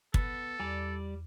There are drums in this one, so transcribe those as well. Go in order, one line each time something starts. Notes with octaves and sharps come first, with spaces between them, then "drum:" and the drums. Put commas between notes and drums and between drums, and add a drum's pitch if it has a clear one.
B3 A4, drum: kick
E2 G3 D5